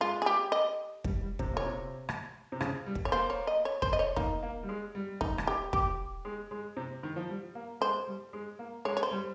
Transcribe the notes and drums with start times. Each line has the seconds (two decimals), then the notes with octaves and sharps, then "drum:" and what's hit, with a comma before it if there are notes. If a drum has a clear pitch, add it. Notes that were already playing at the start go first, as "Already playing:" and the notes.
0.01 G#3 F4
0.22 G#4
0.26 G4
0.52 D#5
1.04 G3, drum: kick
1.22 G3
1.39 C3, drum: kick
1.53 A#2 C#5
1.66 C3
2.09 drum: rim click
2.52 C3
2.61 C#3, drum: rim click
2.86 G3
2.95 drum: kick
3.05 C#5
3.12 A#3 C5
3.30 C#5
3.47 D#5
3.65 C#5
3.82 C5, drum: kick
3.93 D#5
3.99 C#5
4.16 A#3 D#4, drum: kick
4.43 A#3
4.63 G3
4.69 G#3
4.95 G3
5.21 D#4, drum: kick
5.38 drum: rim click
5.47 G4
5.73 G4, drum: kick
6.25 G#3
6.51 G#3
6.77 C3
7.03 D#3
7.16 F3
7.29 G3
7.55 A#3
7.81 G#3 C5
8.07 G3
8.33 G#3
8.59 A#3
8.85 G#3 C#5
8.97 C#5
9.03 C5
9.11 G3